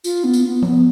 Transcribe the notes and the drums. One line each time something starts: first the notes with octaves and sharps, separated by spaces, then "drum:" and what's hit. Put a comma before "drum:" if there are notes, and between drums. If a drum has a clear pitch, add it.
F4, drum: tambourine
B3
drum: tambourine
B3
B3, drum: tom F3